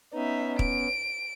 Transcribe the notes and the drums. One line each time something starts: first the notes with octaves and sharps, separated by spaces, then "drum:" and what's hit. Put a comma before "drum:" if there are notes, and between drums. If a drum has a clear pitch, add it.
B3 C#4 D#4 E5
D7, drum: kick